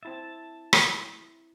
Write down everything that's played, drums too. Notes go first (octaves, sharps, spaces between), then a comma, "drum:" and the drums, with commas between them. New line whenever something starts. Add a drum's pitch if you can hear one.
C4 E4 E5 A5 A6
drum: rim click